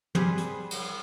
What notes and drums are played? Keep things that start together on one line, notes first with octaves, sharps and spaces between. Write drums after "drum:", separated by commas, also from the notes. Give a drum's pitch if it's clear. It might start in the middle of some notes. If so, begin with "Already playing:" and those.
G3 G#4 B4 C5, drum: tom
drum: hi-hat
drum: cymbal